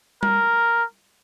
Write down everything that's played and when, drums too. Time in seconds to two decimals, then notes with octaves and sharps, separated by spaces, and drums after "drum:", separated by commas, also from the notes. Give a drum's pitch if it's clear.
0.23 A#4, drum: tom G3